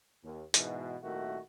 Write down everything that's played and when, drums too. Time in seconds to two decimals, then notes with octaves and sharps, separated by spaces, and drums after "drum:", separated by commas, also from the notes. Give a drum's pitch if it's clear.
0.24 D#2
0.54 G#2 B2 E3, drum: hi-hat
1.02 C2 A#2 D#3 A3 E4 F#4